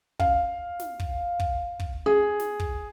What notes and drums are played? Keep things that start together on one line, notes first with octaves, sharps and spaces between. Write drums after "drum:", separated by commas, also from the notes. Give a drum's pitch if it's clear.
F5, drum: kick
drum: snare
drum: kick
drum: kick
drum: kick
G#4
drum: snare
drum: kick